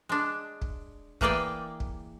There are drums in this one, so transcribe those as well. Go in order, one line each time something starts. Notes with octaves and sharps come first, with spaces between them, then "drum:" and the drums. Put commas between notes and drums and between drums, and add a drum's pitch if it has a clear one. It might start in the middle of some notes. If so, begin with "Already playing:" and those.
G#3 D4
drum: kick
E3 A#3 G#4 D5 G5, drum: kick
drum: kick